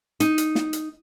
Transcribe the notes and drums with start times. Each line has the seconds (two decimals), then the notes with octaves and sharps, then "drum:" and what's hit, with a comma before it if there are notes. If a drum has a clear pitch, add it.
0.20 D#4, drum: hi-hat
0.38 drum: hi-hat
0.55 drum: snare
0.73 drum: hi-hat